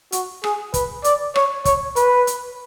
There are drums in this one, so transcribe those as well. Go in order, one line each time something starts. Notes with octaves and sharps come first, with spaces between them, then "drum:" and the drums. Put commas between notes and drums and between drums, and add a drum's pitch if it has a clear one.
F#4, drum: hi-hat
G#4, drum: rim click
B4, drum: kick, hi-hat
D5, drum: hi-hat
C#5, drum: rim click
C#5, drum: kick, hi-hat
B4, drum: hi-hat
drum: hi-hat